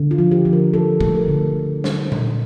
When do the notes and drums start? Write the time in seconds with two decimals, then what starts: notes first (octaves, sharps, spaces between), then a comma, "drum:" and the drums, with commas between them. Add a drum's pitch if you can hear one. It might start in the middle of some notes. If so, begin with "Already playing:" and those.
Already playing: D3
0.11 F4
0.18 F3
0.31 G4
0.45 F3
0.53 A#4
0.74 F3 A4
1.01 A3, drum: kick
1.15 A#4
1.28 D3
1.84 drum: snare
2.12 drum: tom A#2